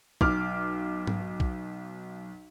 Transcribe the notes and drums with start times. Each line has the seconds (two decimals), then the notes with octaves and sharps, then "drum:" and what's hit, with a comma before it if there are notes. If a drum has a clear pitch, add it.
0.21 B1 D6 F6, drum: kick
1.07 drum: tom G#2
1.40 drum: kick